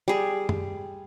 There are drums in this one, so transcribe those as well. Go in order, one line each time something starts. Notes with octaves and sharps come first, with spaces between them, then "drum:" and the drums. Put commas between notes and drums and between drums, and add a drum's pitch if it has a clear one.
G3 G#4
drum: tom F#2